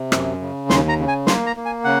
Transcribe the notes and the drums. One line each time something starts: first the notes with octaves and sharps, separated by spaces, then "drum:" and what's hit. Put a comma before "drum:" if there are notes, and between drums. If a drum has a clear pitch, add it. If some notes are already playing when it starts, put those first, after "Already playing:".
Already playing: C3
F#2, drum: rim click
C#3
D#2 C6, drum: snare
A#5
C#3
G#5
A#3 C6, drum: snare
A#5
A#3
G#5
C#3 F#5